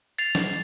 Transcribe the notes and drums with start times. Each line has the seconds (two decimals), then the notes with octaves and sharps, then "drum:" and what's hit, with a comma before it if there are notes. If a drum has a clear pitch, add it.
0.18 A6 C7 F7, drum: hi-hat
0.35 drum: snare